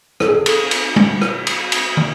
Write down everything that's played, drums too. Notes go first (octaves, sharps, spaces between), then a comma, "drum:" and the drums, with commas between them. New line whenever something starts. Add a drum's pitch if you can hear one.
A4, drum: rim click
G#4
A4
drum: cymbal
drum: cymbal
drum: tom G3
drum: rim click
drum: cymbal
drum: cymbal
drum: tom